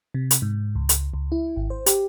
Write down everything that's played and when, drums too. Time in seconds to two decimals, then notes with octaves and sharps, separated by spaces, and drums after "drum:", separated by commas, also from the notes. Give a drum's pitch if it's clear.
0.14 C3
0.31 drum: hi-hat
0.42 G#2
0.75 C#2
0.89 drum: hi-hat
1.14 C#2
1.32 E4
1.56 G#1
1.70 C5
1.86 G4, drum: hi-hat